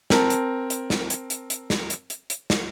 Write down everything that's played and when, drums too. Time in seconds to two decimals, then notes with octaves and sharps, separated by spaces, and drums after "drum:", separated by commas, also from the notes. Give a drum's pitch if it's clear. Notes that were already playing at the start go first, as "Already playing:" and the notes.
0.10 C4 A#4 A5, drum: snare
0.30 drum: hi-hat
0.70 drum: hi-hat
0.90 drum: snare
1.10 drum: hi-hat
1.30 drum: hi-hat
1.50 drum: hi-hat
1.70 drum: snare
1.90 drum: hi-hat
2.10 drum: hi-hat
2.30 drum: hi-hat
2.50 drum: snare